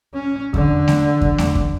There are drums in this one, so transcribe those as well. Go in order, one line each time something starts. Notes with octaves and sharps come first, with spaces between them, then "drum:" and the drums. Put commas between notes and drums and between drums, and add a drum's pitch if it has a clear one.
C#4
D3, drum: kick E2
drum: snare A3
drum: kick E2
drum: snare A3
drum: kick E2